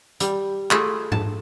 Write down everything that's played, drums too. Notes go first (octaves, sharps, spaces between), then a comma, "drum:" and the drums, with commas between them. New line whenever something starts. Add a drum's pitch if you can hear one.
G3, drum: hi-hat
A3 E4 F4 G#4 A4, drum: clap
A5, drum: tom G#2